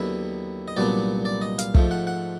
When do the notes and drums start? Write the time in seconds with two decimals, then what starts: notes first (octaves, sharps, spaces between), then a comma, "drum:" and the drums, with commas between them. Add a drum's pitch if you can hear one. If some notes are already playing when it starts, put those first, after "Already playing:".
Already playing: D#2 D3 F#3 B3 E4 E5
0.68 D#5
0.77 C2 A#2 F#3 B3 D4 D5
1.25 D5
1.42 D#5
1.59 F5, drum: hi-hat
1.75 G#2 F3 A3, drum: kick
1.91 F#5
2.07 F#5